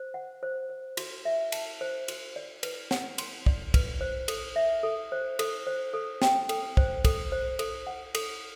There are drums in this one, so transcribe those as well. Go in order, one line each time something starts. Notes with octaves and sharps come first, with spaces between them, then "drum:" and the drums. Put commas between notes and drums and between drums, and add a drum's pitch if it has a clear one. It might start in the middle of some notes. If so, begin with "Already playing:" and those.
Already playing: C5
F#5
C5
C5
F#4, drum: cymbal
E5
A5, drum: cymbal
C5
F#4, drum: cymbal
D5
B4, drum: cymbal
F#5, drum: snare
C6, drum: cymbal
D5, drum: kick
B4, drum: kick, cymbal
C5
A4, drum: cymbal
E5
A4
C5
A4, drum: cymbal
C5
A4
G5, drum: snare
A4, drum: cymbal
C5, drum: kick
A4, drum: kick, cymbal
C5
A4, drum: cymbal
F#5
A4, drum: cymbal